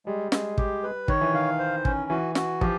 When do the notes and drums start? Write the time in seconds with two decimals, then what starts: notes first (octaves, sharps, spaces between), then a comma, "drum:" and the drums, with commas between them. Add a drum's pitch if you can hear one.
0.06 G3 G#3
0.32 G#3, drum: snare
0.58 G4, drum: kick
0.83 B4
1.08 D#3 C#5, drum: kick
1.21 E3
1.33 D#3 F5
1.59 C5
1.85 C#4, drum: kick
2.10 E3 F#4
2.35 F#4, drum: snare
2.61 F3 G4, drum: kick